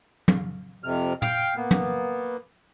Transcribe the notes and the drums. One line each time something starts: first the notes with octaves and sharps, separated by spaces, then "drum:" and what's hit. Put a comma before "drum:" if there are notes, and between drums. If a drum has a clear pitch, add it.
drum: tom
F2 C3 F6
F5 G5 F6, drum: tom
A#3 B3
drum: tom